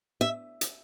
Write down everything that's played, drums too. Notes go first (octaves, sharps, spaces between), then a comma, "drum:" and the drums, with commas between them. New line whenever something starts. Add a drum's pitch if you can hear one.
E5
drum: hi-hat